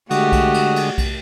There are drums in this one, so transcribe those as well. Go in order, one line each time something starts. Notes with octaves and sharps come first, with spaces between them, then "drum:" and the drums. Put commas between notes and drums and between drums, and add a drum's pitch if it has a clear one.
D3 G#3 A3 F#4 G4 D#6, drum: cymbal
drum: kick B1, cymbal
drum: cymbal
drum: cymbal
drum: kick B1, cymbal